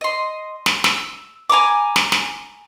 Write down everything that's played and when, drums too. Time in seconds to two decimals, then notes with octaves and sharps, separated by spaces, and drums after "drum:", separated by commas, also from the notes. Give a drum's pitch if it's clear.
0.01 D#5 C6
0.66 drum: snare
0.84 E6, drum: snare
1.50 G#5 A#5 B5 D6
1.96 drum: snare
2.12 drum: snare